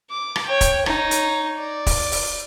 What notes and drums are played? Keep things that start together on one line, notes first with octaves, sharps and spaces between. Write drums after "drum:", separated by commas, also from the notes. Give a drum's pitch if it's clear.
D6
drum: rim click
C#5 G5
drum: kick, hi-hat
D#4 C#5, drum: rim click
drum: hi-hat
D5
drum: kick, open hi-hat
drum: open hi-hat